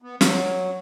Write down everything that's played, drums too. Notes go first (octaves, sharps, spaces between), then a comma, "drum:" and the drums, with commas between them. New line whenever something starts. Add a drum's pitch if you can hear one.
B3
F#3, drum: snare